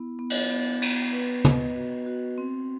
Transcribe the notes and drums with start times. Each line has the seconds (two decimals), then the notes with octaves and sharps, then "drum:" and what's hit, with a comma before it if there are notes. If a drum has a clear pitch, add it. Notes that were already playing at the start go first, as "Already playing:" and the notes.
Already playing: B3 E4
0.19 B3
0.30 drum: cymbal
0.51 B3
0.82 B3, drum: cymbal
1.12 B4
1.45 D#5, drum: tom
1.75 F#4
2.06 F#4
2.38 C4